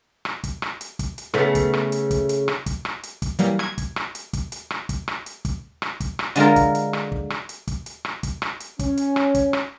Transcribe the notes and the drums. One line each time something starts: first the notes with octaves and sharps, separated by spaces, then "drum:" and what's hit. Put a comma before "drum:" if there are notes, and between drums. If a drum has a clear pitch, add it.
drum: rim click
drum: kick, hi-hat
drum: rim click
drum: hi-hat
drum: kick, hi-hat
drum: hi-hat
C#3 A3 B3, drum: rim click
drum: kick, hi-hat
drum: rim click
drum: hi-hat
drum: kick, hi-hat
drum: hi-hat
drum: rim click
drum: kick, hi-hat
drum: rim click
drum: hi-hat
drum: kick, hi-hat
E3 F#3 G3 A#3, drum: hi-hat
G#6, drum: rim click
drum: kick, hi-hat
drum: rim click
drum: hi-hat
drum: kick, hi-hat
drum: hi-hat
drum: rim click
drum: kick, hi-hat
drum: rim click
drum: hi-hat
drum: kick, hi-hat
drum: rim click
drum: kick, hi-hat
drum: rim click
D3 G#3 F4 A#4, drum: hi-hat
drum: kick, hi-hat
drum: hi-hat
drum: rim click
drum: kick
drum: rim click
drum: hi-hat
drum: kick, hi-hat
drum: hi-hat
drum: rim click
drum: kick, hi-hat
drum: rim click
drum: hi-hat
C#4, drum: kick, hi-hat
drum: hi-hat
drum: rim click
drum: kick, hi-hat
drum: rim click